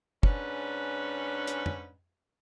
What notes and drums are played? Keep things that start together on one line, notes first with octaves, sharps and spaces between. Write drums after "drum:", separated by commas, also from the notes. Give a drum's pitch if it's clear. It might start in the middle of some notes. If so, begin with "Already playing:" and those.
G#2 C#4 D4 B4, drum: kick
drum: hi-hat
drum: tom